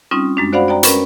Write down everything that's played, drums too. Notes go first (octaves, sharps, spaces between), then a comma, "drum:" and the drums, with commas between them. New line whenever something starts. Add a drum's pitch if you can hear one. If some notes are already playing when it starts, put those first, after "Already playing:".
G3 C4 C#4 D#4 F4
F#2 G#3 D4
F#4 C5 D5 F5 F#5 B5
D5 G5 A#5
C#4 A#4 B4 B5, drum: hi-hat